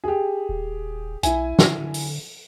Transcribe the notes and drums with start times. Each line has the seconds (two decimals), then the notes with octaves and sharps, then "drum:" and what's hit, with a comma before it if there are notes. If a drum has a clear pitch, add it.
0.04 G4 G#4
0.49 D#1
1.23 B1 E4 G#5, drum: hi-hat
1.59 D3, drum: snare
1.94 drum: open hi-hat